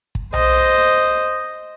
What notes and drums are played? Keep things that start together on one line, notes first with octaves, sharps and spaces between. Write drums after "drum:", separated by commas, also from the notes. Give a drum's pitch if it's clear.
drum: kick
C5 D#5, drum: tom B1